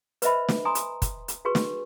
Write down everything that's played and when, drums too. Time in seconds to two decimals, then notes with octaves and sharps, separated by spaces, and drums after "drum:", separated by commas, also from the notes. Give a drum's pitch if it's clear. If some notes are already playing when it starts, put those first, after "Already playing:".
0.22 B4 C5 D#5 E5 B5, drum: hi-hat
0.49 drum: snare
0.65 G#5 A#5 C6 D#6
0.75 drum: hi-hat
1.02 drum: kick, hi-hat
1.28 drum: hi-hat
1.45 F#4 G#4 B4 C#6
1.55 drum: snare